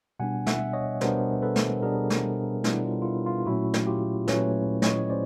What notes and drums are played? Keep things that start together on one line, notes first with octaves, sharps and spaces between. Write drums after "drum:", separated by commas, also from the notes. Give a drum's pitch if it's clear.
B2 G3 B3 D4 F#5 G#5
E5 F#5, drum: snare
C#5 D#5
B2 G3 B3 D4 A#4 C5, drum: snare
A4 B4
drum: snare
B2 G3 B3 D4 G#4 A#4
drum: snare
B2 G3 B3 D4 E4, drum: snare
F4
F4
E4
F4
A#2 F#3 A3 C#4 E4 F#4
drum: snare
F4 G4
A#2 F#3 A3 C#4 B4 C#5, drum: snare
C#5 D#5, drum: snare
C#4 C5 D5